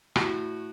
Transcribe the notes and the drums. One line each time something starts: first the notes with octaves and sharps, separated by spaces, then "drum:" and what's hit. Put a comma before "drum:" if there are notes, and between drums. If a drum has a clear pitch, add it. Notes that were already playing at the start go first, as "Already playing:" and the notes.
A2 F#4, drum: rim click